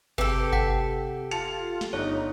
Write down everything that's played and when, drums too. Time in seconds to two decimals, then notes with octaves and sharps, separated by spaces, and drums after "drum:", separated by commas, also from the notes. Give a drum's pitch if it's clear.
0.18 C3 G4 A4 B4, drum: kick G1
0.53 F#5 G5 B6, drum: kick G1
1.31 F4 A5 C#7 F7, drum: hi-hat
1.81 drum: snare
1.93 G1 D#4 C#5